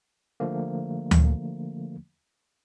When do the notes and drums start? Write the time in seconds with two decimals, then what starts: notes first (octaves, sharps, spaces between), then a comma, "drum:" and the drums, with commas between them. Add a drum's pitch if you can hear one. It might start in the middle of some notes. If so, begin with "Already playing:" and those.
0.40 D3 F3 A3 A#3
1.11 drum: tom D2